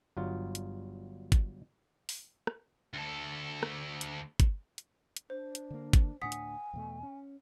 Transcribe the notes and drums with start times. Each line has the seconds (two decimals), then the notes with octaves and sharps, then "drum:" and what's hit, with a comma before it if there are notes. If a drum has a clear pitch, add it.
0.17 G1 G2 F#3 F4
0.55 drum: hi-hat
1.32 drum: kick, hi-hat
2.09 drum: open hi-hat
2.47 drum: rim click
2.94 D2 A4
3.63 drum: rim click
4.01 drum: hi-hat
4.40 drum: kick, hi-hat
4.78 drum: hi-hat
5.17 drum: hi-hat
5.30 D4 C5
5.55 drum: hi-hat
5.70 D3 A#3
5.93 drum: kick, hi-hat
6.22 D2 A2 D4 F#5 G#5 D#6 B6
6.32 drum: hi-hat
6.73 E2 B2 A3
7.03 C#4